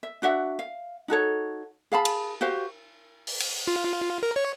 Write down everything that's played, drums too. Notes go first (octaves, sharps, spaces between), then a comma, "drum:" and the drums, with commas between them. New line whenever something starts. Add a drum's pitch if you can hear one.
E5
D4 F#4 E5 F#5
F5
D#4 F#4 A4 C#5
G#4 F5 A5 B5
drum: cymbal
F#4 G4 C5 F5
drum: open hi-hat
drum: cymbal
F4
A#4
C#5